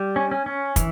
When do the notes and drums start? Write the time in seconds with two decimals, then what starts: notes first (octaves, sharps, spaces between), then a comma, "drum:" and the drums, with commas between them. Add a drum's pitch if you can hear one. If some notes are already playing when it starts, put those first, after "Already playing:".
Already playing: G3
0.16 C#4
0.31 C#4
0.46 C#4
0.76 E3, drum: kick, hi-hat